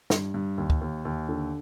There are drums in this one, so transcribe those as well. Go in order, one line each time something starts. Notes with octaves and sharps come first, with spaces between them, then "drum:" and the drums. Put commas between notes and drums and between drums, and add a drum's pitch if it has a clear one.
G2, drum: snare
G2
D#2
drum: kick D2
D#2
D#2
D3